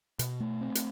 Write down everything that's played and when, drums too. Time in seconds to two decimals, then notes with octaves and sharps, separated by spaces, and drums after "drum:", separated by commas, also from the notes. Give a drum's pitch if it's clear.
0.19 B2, drum: hi-hat
0.40 A3
0.61 C4
0.75 drum: hi-hat